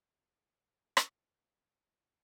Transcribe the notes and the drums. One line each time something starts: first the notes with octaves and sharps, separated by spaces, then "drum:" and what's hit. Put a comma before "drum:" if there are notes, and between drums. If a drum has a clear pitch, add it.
F#5
E5
drum: rim click
A#2 C#5
C3 F#3 A4 E6
F3 D#4 E4 F#4 B4
A#1 E2 B2 D3 A#3 D#4 C5 F5